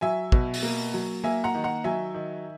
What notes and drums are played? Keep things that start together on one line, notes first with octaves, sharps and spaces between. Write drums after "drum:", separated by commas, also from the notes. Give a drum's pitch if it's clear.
F#3 E5 G#5
B2, drum: kick
drum: open hi-hat
A#3
F#3
A#3 E5 G#5
F#5 A#5
D#3
F#5 A#5
F#3 E5 G#5
D#3